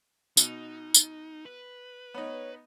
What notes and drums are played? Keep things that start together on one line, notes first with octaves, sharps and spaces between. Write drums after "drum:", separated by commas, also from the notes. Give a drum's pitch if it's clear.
B2 D#4, drum: tambourine
drum: tambourine
B4
B3 D#4 C#5